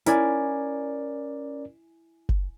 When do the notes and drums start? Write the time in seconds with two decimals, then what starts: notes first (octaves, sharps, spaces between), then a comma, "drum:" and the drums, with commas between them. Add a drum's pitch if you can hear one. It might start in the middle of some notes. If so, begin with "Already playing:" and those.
0.06 C#4 E4 A#4 D5 G#5, drum: hi-hat
2.29 drum: kick F#1